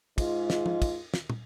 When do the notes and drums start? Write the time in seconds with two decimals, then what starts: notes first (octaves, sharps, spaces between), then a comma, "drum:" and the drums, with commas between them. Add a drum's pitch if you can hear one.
0.18 G#2 G#3 F4, drum: kick, cymbal
0.50 drum: snare
0.66 drum: tom
0.82 drum: kick, cymbal
1.14 drum: snare
1.30 drum: tom